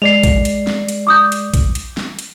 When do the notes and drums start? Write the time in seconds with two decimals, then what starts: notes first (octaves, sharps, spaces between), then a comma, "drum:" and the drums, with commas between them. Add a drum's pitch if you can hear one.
0.02 G#3 D5 C7 F7
0.23 drum: kick A#1, hi-hat
0.45 drum: hi-hat
0.67 drum: snare
0.88 drum: hi-hat
1.07 D6 D#6 G6
1.32 drum: hi-hat
1.54 drum: kick A#1, hi-hat
1.75 drum: hi-hat
1.97 drum: snare
2.19 drum: hi-hat